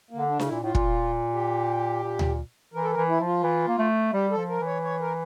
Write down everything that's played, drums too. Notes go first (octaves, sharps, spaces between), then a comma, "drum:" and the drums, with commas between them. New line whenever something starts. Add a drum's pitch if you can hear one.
A#3
D3
D4
C#3, drum: snare D4
E4
A#2
A2 F4
A#2, drum: kick
G4
A#2
drum: tom D2
E3 A#4
A4
A#4
E3
E4
F3
F4
E3
A#3
A3
G3 G4
A4
F3
A#4
E3
C#5
C#5
A#4